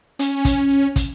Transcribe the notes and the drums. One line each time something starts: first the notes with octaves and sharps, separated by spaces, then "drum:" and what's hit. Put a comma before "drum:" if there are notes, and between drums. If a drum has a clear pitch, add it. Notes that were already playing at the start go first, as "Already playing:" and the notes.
C#4, drum: hi-hat
drum: kick, hi-hat
drum: kick, hi-hat